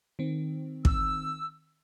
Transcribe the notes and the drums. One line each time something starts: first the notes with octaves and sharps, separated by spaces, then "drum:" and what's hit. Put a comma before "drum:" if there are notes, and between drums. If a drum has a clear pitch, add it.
D#3 C4
E6, drum: kick